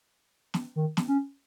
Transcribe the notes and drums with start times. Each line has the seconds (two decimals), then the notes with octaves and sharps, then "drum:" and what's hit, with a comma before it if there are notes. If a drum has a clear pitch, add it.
0.54 drum: snare
0.76 D#3
0.97 drum: snare
1.08 C#4